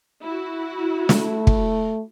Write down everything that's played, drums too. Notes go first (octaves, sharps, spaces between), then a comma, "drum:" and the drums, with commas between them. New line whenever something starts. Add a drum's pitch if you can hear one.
E4 F#4
A3, drum: snare
drum: kick